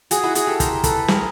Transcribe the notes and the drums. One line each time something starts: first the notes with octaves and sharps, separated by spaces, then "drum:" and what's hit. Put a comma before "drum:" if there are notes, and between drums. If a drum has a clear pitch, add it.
F#4 G#4, drum: hi-hat
E4 F#4
F#4 G#4, drum: hi-hat
G4 A4
A#4 C5, drum: kick, hi-hat
A4 B4, drum: kick, hi-hat
G#4 A#4, drum: snare